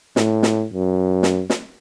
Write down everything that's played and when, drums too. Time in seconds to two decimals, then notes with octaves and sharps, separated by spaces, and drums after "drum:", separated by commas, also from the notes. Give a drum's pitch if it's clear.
0.16 A2, drum: snare
0.43 drum: snare
0.73 F#2
1.23 drum: snare
1.50 drum: snare